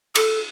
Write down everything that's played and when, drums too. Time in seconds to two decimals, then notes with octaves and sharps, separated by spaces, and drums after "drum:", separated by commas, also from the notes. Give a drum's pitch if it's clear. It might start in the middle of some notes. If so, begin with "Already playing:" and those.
0.15 A4, drum: cymbal